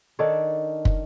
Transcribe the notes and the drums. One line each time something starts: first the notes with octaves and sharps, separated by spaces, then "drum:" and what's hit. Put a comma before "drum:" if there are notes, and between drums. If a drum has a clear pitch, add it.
D#3 D4 A4 C#5
drum: kick